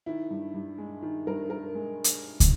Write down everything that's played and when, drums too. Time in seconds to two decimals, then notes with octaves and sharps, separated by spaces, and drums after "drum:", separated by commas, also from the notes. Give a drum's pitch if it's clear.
0.06 D#3 E4
0.30 G2
0.54 G2
0.78 G#3
1.02 D#3
1.27 G2 A#4
1.50 G2 A#4
1.75 G#3
2.04 drum: hi-hat
2.40 drum: kick, hi-hat